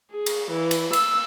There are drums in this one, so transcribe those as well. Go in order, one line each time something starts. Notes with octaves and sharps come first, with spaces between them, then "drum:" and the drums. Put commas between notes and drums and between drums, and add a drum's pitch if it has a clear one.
G#4
drum: cymbal
E3
drum: cymbal
E6, drum: cymbal